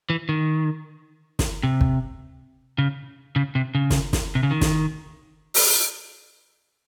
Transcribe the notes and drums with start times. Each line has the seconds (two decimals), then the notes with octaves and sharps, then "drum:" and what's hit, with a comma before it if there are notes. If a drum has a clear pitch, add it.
0.10 E3
0.29 D#3
1.39 drum: snare
1.63 C3
1.81 drum: kick
2.78 C#3
3.36 C#3
3.55 C3
3.75 C#3
3.90 drum: snare
4.13 drum: snare
4.35 C3
4.43 C#3
4.51 D#3
4.61 drum: snare
5.54 drum: open hi-hat